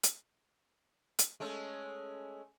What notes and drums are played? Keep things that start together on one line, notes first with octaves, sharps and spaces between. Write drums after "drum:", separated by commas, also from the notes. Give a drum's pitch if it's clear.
drum: hi-hat
drum: hi-hat
G#3 A3 C#4